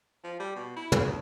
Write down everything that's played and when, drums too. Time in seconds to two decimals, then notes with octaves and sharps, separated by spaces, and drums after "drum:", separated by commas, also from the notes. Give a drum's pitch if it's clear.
0.24 F3
0.40 G3
0.56 B2
0.77 E4
0.92 drum: tom
1.05 D2